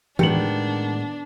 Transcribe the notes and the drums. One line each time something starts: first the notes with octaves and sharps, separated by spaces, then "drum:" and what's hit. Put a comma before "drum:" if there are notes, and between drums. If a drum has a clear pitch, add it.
A2 D#3 G#3 B3 D4 G5 C#7 F#7, drum: tom E3